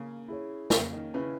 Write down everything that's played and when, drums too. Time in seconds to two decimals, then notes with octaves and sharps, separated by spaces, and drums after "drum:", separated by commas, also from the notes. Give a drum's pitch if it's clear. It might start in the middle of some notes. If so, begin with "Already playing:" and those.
Already playing: C#3 A#3 C#4
0.28 E4 G#4 C#5
0.70 C#3 A#3 C#4, drum: snare
0.92 D#3 D#4
1.14 C#3 C#4 E4 B4